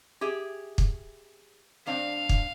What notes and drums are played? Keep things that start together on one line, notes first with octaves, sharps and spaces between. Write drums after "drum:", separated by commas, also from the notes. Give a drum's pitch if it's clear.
G4 G#4 E5
drum: kick
G2 C4 D4 F5
drum: kick